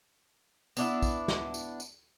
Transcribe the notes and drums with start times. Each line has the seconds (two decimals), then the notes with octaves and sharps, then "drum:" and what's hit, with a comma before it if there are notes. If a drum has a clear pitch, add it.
0.77 B3 D4 E4, drum: tambourine
1.02 drum: kick, tambourine
1.28 drum: snare
1.54 drum: tambourine
1.80 drum: tambourine